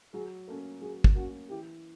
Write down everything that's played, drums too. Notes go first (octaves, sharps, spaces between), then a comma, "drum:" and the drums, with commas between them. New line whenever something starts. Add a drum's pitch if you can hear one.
F#3 G#4
A#3 C#4 A4
F#3 G#4
drum: kick
A#3 C#4 F#4
E3 G4